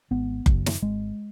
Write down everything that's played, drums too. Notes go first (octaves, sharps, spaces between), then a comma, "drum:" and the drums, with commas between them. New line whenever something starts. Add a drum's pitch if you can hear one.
G#1 B3
F#2 C#3, drum: kick F#1
drum: snare
G#1 G#3